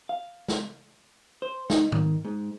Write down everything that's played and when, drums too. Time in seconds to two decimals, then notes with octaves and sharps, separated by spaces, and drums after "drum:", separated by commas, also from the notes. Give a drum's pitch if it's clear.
0.09 F5
0.48 drum: snare
1.42 C5
1.70 D#4, drum: snare
1.92 D#3, drum: tom G#2
2.25 G#2